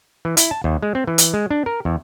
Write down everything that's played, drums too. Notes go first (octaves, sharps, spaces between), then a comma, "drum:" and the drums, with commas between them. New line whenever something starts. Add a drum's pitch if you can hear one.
E3
E4, drum: hi-hat
A5
D#2
G#3
C4
E3
drum: hi-hat
G#3
D4
A#4
E2